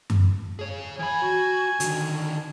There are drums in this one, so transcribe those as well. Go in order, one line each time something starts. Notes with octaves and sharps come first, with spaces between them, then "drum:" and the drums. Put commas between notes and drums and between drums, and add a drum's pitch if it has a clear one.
drum: tom F#2
G#4 C#5
E3 G#5 B5
F#4
D3 D#3, drum: hi-hat